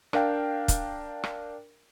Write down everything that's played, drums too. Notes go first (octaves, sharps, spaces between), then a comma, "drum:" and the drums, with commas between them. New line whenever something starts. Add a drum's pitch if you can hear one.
D4 A#4 F5 G5, drum: rim click
drum: kick, hi-hat
drum: rim click